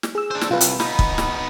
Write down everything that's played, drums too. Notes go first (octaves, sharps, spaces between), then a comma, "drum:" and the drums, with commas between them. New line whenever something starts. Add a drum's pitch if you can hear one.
drum: snare
G#4 E6
D4 C5
drum: snare
C2 F4 B4
drum: hi-hat
B3 D#4 B5, drum: snare
drum: kick
drum: snare